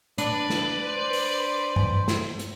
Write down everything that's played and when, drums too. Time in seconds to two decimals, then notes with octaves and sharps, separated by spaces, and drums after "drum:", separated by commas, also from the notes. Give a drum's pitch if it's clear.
0.18 D4 B4 D5, drum: hi-hat
0.50 drum: snare
0.85 C5
1.13 drum: open hi-hat
1.76 drum: tom G2
2.08 drum: snare
2.39 drum: hi-hat